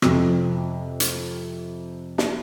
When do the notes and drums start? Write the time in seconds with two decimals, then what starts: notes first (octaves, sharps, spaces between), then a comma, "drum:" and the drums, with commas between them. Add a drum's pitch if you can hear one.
0.02 F2 C3, drum: rim click
1.00 drum: hi-hat
2.18 drum: snare